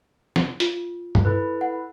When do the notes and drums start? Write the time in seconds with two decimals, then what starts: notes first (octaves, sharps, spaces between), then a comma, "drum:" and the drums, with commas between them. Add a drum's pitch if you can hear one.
0.36 drum: snare
0.60 F4, drum: hi-hat
1.15 drum: tom G2
1.25 E4 A4 B4
1.61 F#5